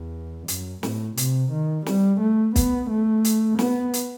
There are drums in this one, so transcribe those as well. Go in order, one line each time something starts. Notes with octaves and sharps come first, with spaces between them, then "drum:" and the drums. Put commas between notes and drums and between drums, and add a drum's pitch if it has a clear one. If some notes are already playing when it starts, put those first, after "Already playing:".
Already playing: E2
F#2, drum: hi-hat
A2, drum: snare
C3, drum: hi-hat
D#3
G3, drum: snare
A3
B3, drum: kick, hi-hat
A3
drum: hi-hat
B3, drum: snare
drum: hi-hat